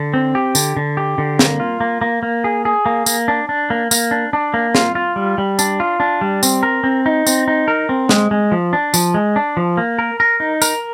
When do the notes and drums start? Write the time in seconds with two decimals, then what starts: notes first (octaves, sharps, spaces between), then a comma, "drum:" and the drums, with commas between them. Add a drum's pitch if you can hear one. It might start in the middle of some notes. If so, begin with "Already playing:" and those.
Already playing: D3
0.14 C4
0.35 G4
0.55 D3, drum: tambourine
0.77 D3
0.97 G4
1.18 D3
1.39 A#3, drum: snare
1.60 F4
1.81 A#3
2.01 A#3
2.23 A#3
2.44 G#4
2.65 G#4
2.86 A#3
3.06 A#3, drum: tambourine
3.28 D4
3.49 D4
3.70 A#3
3.91 A#3, drum: tambourine
4.11 D4
4.33 D4
4.54 A#3
4.75 F4, drum: snare
4.95 F4
5.16 G3
5.38 G3
5.59 D4, drum: tambourine
5.80 F4
6.00 D4
6.21 G3
6.43 C4, drum: tambourine
6.63 A#4
6.84 C4
7.06 D#4
7.27 C4, drum: tambourine
7.48 D#4
7.68 A#4
7.89 C4
8.09 G#3, drum: snare
8.31 G#3
8.52 F3
8.73 D4
8.94 F3, drum: tambourine
9.14 G#3
9.36 D4
9.57 F3
9.77 A#3
9.99 A#4
10.20 A#4
10.40 D#4
10.62 A#4, drum: tambourine